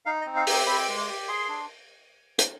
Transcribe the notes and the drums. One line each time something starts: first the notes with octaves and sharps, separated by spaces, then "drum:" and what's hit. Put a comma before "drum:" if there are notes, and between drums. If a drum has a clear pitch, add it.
D#4 F5
D#5
C4
F5
G4 G5, drum: open hi-hat
C4 B5
G#3
D6
G4
G#4 C6
D4
drum: hi-hat